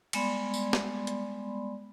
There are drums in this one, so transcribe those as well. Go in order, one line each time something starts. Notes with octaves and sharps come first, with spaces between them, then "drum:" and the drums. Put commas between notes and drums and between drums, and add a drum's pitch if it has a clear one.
G3 G#3 B3 D5 B5 C6, drum: cymbal
drum: tambourine
drum: snare
drum: hi-hat